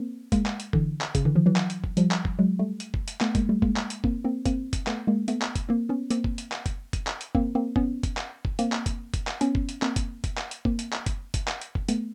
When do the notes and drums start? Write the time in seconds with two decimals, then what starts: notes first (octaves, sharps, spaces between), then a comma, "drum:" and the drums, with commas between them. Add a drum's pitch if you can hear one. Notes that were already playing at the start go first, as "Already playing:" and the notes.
Already playing: A#3 C4
0.32 G#3 A#3, drum: kick F#1, hi-hat
0.46 drum: clap
0.60 drum: hi-hat
0.73 D3 E3, drum: kick F#1
1.01 drum: clap
1.15 C#3, drum: kick F#1, hi-hat
1.25 D3 E3
1.35 D#3 F3
1.46 E3 F#3
1.56 drum: clap
1.70 drum: hi-hat
1.84 drum: kick F#1
1.97 F3 G3, drum: hi-hat
2.11 drum: clap
2.25 drum: kick F#1
2.39 F#3 G#3
2.59 G3 A3
2.80 drum: hi-hat
2.94 drum: kick F#1
3.08 drum: hi-hat
3.21 A3 B3, drum: clap
3.35 G#3 A#3, drum: kick F#1, hi-hat
3.49 G3 A3
3.62 G#3 A#3, drum: kick F#1
3.76 drum: clap
3.90 drum: hi-hat
4.04 A#3 C4, drum: kick F#1
4.24 A#3 C4
4.46 A#3 C4, drum: kick F#1, hi-hat
4.73 drum: kick F#1, hi-hat
4.87 A3 B3, drum: clap
5.07 G#3 A#3
5.28 A3 B3, drum: hi-hat
5.42 drum: clap
5.55 drum: kick F#1, hi-hat
5.69 A#3 C4
5.89 B3 C#4
6.10 A#3 C4, drum: hi-hat
6.24 drum: kick F#1
6.38 drum: hi-hat
6.52 drum: clap
6.66 drum: kick F#1, hi-hat
6.93 drum: kick F#1, hi-hat
7.07 drum: clap
7.21 drum: hi-hat
7.35 A#3 C4, drum: kick F#1
7.55 A#3 C4
7.76 B3 C#4, drum: kick F#1
8.03 drum: kick F#1, hi-hat
8.17 drum: clap
8.45 drum: kick F#1
8.59 A#3 C4, drum: hi-hat
8.72 drum: clap
8.86 drum: kick F#1, hi-hat
9.14 drum: kick F#1, hi-hat
9.27 drum: clap
9.41 B3 C#4, drum: hi-hat
9.55 drum: kick F#1
9.69 drum: hi-hat
9.82 A#3 C4, drum: clap
9.96 drum: kick F#1, hi-hat
10.24 drum: kick F#1, hi-hat
10.38 drum: clap
10.51 drum: hi-hat
10.65 A#3 C4, drum: kick F#1
10.79 drum: hi-hat
10.93 drum: clap
11.06 drum: kick F#1, hi-hat
11.34 drum: kick F#1, hi-hat
11.48 drum: clap
11.61 drum: hi-hat
11.75 drum: kick F#1
11.89 A3 B3, drum: hi-hat